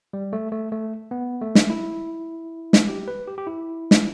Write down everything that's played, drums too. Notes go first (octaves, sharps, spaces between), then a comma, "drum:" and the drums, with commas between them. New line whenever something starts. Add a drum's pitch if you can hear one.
G3
A3
A3
A3
B3
A3
drum: snare
E4
drum: snare
G4
B4
G4
G4
E4
drum: snare